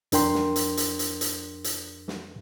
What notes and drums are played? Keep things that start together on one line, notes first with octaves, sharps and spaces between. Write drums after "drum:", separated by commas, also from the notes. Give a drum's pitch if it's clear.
F2 D4 A#4 G5 C6, drum: hi-hat
drum: snare
drum: hi-hat
drum: hi-hat
drum: hi-hat
drum: hi-hat
drum: hi-hat
drum: snare